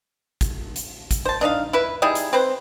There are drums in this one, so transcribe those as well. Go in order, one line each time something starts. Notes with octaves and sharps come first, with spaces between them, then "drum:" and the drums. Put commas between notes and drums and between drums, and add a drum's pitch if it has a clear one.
drum: kick, hi-hat
drum: hi-hat
drum: kick, hi-hat
C5 A5
D4 D#4 D#5 F5
E4 B4
G3 D#4 E4 G#4
drum: hi-hat
C4 B4 C5